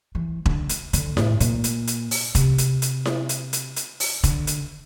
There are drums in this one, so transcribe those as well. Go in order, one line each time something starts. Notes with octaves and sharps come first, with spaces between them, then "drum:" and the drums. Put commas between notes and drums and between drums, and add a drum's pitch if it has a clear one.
E3
D3, drum: kick E1
drum: hi-hat
D3, drum: hi-hat
A2, drum: snare E4
A#2, drum: hi-hat
drum: hi-hat
drum: hi-hat
drum: open hi-hat
C3, drum: kick E1, hi-hat
drum: hi-hat
drum: hi-hat
drum: snare E4
drum: hi-hat
drum: hi-hat
drum: hi-hat
drum: open hi-hat
D3, drum: kick E1, hi-hat
drum: hi-hat